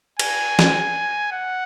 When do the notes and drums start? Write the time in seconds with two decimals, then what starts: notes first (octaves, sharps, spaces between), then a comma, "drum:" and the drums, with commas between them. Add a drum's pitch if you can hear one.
0.20 G#5, drum: cymbal
0.59 drum: snare
1.32 F#5